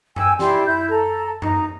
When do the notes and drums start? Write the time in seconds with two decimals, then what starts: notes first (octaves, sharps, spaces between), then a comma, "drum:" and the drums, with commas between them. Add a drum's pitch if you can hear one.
0.16 G5 G#5 E6, drum: tom F#2
0.39 E4 G4 D5 C6, drum: snare
0.66 E4 G6
0.90 A4 A#5
1.42 D#4 A#5, drum: tom F#2